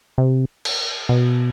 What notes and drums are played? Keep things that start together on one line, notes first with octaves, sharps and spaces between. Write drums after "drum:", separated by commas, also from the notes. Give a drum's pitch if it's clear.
C3
drum: cymbal
B2